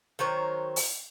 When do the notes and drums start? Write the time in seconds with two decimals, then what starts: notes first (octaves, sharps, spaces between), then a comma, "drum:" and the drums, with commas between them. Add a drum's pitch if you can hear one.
0.19 D#3 F#3 C5 C#5
0.76 drum: open hi-hat